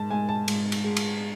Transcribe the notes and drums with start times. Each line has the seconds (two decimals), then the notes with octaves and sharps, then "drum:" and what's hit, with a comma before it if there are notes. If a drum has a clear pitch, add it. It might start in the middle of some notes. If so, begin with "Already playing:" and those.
Already playing: G#2 A5
0.11 G#2 G#5
0.29 A5
0.48 G#2, drum: cymbal
0.72 drum: cymbal
0.84 G#3
0.97 drum: cymbal